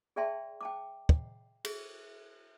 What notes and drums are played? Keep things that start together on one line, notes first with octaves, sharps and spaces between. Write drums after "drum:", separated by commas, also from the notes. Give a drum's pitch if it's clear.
G#4 D5 E5 G5 A5 C6
G5 A5 D6
drum: kick
G#4, drum: cymbal